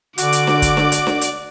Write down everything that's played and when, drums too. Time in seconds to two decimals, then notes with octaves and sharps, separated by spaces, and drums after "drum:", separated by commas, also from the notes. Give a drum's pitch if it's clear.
0.18 D3 F#4 D5 D6, drum: hi-hat
0.32 drum: hi-hat
0.47 drum: snare D4
0.62 drum: kick, hi-hat
0.77 drum: snare D4
0.92 drum: hi-hat
1.07 drum: snare D4
1.21 drum: hi-hat